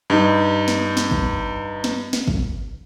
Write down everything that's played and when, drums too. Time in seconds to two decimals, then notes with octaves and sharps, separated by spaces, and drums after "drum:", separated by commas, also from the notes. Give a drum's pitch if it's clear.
0.10 G2 D#4
0.68 drum: snare
0.97 drum: snare
1.11 drum: kick
1.84 drum: snare
2.13 drum: snare
2.28 drum: kick